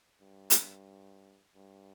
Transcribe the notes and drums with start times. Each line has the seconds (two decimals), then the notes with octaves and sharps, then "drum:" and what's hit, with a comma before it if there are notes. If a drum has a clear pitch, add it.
0.21 G2
0.50 drum: hi-hat
1.56 G2